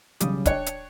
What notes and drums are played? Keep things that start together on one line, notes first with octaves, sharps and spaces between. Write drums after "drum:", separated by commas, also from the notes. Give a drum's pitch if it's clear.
B1 C#3 G3 D6 D#6, drum: hi-hat
D4 C#5 G5 F#6, drum: kick, hi-hat
drum: hi-hat